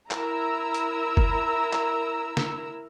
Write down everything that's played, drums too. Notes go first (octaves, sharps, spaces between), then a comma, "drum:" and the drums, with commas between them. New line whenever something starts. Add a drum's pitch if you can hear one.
E4 A#4 A#5 E6, drum: clap
drum: hi-hat
drum: kick F#1
drum: clap
drum: snare